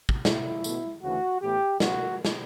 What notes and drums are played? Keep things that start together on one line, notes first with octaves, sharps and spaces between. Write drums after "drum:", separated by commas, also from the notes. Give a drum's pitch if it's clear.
drum: kick
A2 F#3 B3 E4, drum: snare
B2 A3, drum: tambourine
D2 C#3 E3 A3 F#4
A2 E3 B3 G4
C#2 C#3 F#3 B3 F#4, drum: snare
drum: snare